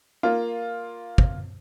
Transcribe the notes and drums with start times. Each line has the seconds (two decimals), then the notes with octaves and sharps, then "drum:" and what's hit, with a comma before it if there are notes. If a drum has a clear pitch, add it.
0.23 A#3 F4
1.18 drum: kick